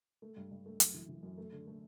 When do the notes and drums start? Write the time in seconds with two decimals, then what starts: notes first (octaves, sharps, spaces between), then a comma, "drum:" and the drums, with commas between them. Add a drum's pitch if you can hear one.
0.22 A3
0.37 G2
0.51 G2
0.66 A3
0.80 F#2, drum: hi-hat
0.94 E3
1.09 E3
1.23 F#2
1.38 A3
1.52 D3
1.67 A3